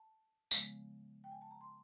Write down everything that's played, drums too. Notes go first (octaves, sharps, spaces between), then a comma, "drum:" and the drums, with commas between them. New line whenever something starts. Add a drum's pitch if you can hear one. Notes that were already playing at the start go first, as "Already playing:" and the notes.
Already playing: A5
C#3 F3 G#3 B3, drum: tambourine
G5
G#5
A5
A#5
C6